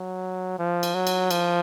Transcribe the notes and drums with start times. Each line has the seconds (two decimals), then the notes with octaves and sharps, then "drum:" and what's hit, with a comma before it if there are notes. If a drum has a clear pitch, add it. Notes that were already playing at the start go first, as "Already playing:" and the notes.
Already playing: F#3
0.59 F3
0.83 drum: cymbal
0.95 F#3
1.07 drum: cymbal
1.31 F3, drum: cymbal